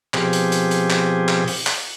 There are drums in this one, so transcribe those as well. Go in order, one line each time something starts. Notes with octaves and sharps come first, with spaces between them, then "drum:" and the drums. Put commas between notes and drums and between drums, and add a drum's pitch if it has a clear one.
B2 F3 C4 G4 G#4, drum: clap
drum: hi-hat
drum: hi-hat
drum: hi-hat
drum: clap
drum: clap
drum: open hi-hat
drum: clap